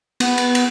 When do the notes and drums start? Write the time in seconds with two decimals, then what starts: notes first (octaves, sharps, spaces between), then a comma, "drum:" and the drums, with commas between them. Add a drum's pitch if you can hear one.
0.20 B3, drum: cymbal
0.38 drum: cymbal
0.55 drum: cymbal